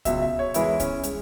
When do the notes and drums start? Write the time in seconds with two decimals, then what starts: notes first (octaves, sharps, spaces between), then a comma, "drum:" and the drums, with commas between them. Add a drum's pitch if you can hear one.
0.05 C#2 B2 F#3 E5, drum: kick C2, hi-hat
0.22 E5
0.39 C#5
0.54 E2 E3 G#3 E4, drum: hi-hat
0.80 C#4, drum: kick C2, hi-hat
1.04 G#3, drum: hi-hat